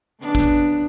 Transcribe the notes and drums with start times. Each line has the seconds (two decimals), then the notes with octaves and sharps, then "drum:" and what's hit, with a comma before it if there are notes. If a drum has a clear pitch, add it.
0.21 C#3 B3 D4
0.35 drum: kick A1